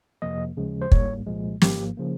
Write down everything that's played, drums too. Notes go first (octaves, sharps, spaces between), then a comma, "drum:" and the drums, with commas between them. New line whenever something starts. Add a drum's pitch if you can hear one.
F2 C3 F3 A#3 D#5
D#2 C#3 F3 G#3
C5
A#1 G#2 G3 A#3 C#5, drum: kick
C2 A#2 F3 G#3
G#1 G#2 F3 A#3 G4, drum: snare
C#3 F3 A#3